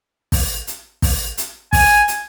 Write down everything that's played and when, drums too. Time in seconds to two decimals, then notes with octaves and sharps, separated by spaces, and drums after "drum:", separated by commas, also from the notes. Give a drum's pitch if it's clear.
0.32 drum: kick, open hi-hat
0.67 drum: hi-hat
1.02 drum: kick, open hi-hat
1.37 drum: hi-hat
1.73 G#5, drum: kick, open hi-hat
2.08 drum: hi-hat